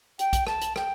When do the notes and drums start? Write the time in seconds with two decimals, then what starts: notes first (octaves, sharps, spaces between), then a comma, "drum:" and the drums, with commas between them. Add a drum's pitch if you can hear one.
0.19 G5, drum: hi-hat
0.33 drum: kick, hi-hat
0.47 A5, drum: rim click
0.61 drum: hi-hat
0.76 G5, drum: rim click